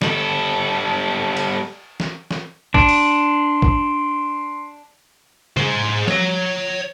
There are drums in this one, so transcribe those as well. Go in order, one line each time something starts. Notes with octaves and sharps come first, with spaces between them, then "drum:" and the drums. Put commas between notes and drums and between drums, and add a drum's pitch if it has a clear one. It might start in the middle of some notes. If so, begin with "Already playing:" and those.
G3 A4, drum: snare
drum: cymbal
drum: snare
drum: snare
D4 C6, drum: kick
drum: open hi-hat
drum: kick
G#4 C5, drum: tom C#3
C#5 A#5, drum: snare